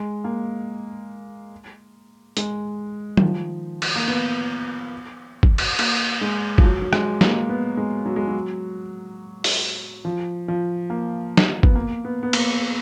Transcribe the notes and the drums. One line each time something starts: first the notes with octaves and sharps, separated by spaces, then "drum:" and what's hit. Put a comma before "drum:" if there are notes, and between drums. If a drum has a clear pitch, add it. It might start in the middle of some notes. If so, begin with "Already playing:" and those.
Already playing: G#3
A#3
G#3, drum: hi-hat
D#3, drum: tom F#3
F3
drum: cymbal
A#3
B3
drum: kick
drum: cymbal
A#3, drum: cymbal
G#3
F3, drum: kick
F#3
F#3
G#3, drum: rim click
A#3, drum: snare
B3
G#3
F#3
G#3
F#3
drum: open hi-hat
F3
F3
A#3
drum: snare
B3, drum: kick
A#3
B3
B3
A#3, drum: cymbal